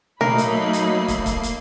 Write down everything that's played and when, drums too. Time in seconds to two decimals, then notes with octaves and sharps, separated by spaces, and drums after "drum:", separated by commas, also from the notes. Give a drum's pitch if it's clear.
0.21 F#3 A3 A#3 D#4 A#4 B5 C7, drum: tom
0.38 drum: hi-hat
0.73 drum: hi-hat
1.08 drum: kick, hi-hat
1.26 drum: kick, hi-hat
1.43 drum: hi-hat